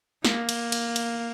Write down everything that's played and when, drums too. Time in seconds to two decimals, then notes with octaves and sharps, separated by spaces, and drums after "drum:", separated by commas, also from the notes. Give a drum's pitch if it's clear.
0.24 A#3, drum: snare
0.49 drum: cymbal
0.72 drum: cymbal
0.96 drum: cymbal